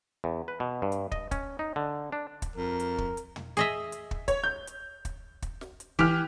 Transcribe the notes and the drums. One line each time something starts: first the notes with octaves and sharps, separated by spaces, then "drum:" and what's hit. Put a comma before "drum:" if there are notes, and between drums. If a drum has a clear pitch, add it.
E2
B4
B2
G2
drum: hi-hat
D#5, drum: kick
C#4, drum: kick, hi-hat
D#4
D3
D4
drum: kick, hi-hat
F2 A#4
drum: hi-hat
drum: kick
drum: hi-hat
drum: tom
G#4 D#5 E5, drum: hi-hat
drum: hi-hat
drum: kick
C#5, drum: kick, hi-hat
G6
drum: hi-hat
drum: kick, hi-hat
drum: kick, hi-hat
drum: snare
drum: hi-hat
E3 G4 F6, drum: kick